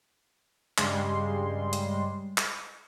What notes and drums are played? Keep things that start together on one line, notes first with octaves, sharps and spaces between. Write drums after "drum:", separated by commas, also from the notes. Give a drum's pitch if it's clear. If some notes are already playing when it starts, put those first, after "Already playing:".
G2 C#3 G3 G#3 C6, drum: clap
drum: hi-hat
drum: clap